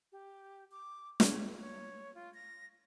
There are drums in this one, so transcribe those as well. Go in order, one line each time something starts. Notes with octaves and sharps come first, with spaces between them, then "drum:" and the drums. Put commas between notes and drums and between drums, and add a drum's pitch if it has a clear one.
G4
D6
C#5, drum: snare
C#5
F4
A#6